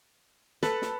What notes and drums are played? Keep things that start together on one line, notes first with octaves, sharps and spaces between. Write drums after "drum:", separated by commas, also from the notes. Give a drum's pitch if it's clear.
A4 B4, drum: snare
drum: snare